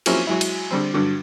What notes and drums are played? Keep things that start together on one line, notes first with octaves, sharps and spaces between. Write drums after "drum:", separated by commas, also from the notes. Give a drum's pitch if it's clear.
F3 F#3 A#3 C4 C#4 E4, drum: cymbal
F#3 G#3 E4
drum: cymbal
D3 G3 C4
G2 D3 F#3